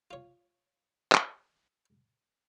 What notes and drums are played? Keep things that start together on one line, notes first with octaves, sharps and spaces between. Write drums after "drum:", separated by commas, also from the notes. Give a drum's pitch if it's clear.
F4 C#5
drum: clap